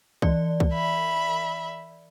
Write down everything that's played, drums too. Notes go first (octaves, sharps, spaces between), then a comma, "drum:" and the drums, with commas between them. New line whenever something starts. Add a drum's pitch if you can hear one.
E3 D5, drum: kick C2
drum: kick C2
E5 B5